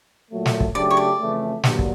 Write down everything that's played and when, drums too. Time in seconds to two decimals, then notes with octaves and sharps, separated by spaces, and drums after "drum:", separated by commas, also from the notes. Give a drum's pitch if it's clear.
0.31 A#2 F#3 A3
0.46 drum: snare
0.60 drum: kick
0.75 C#3 F#3 A3 D4 G4 D5
0.90 C#5
0.97 D5
1.20 F2 C#3 E3 A3
1.63 G2 D3 F#3 A#3, drum: snare
1.79 drum: kick